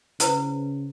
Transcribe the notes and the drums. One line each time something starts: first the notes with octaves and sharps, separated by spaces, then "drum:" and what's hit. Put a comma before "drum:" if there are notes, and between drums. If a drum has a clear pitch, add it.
C#3 E4 B4 C5, drum: hi-hat